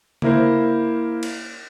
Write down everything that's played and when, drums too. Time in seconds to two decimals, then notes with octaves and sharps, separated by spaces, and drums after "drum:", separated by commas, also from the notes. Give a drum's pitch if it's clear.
0.22 A#3 E4 A#4 C5, drum: tom C#3
1.23 drum: cymbal